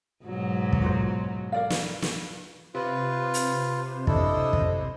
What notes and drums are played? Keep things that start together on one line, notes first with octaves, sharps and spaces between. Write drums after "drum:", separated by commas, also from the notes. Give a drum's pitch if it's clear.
G#2 B2 F#3
drum: kick
F4 F#4 C5
A#4 D5 F5
drum: snare
drum: snare
C3 F4 B4
drum: hi-hat
D4 E4 A4 D#5, drum: kick
drum: kick